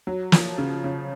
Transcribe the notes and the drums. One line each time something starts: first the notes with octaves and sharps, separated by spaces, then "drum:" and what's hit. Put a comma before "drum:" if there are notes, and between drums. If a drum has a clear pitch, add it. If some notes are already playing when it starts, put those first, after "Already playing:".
F#3
F3, drum: snare
C#3
C#3